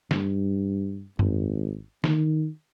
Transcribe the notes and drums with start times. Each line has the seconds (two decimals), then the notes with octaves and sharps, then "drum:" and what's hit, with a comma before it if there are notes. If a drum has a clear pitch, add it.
0.11 G2, drum: snare
1.19 G#1, drum: tom F#2
2.04 D#3, drum: snare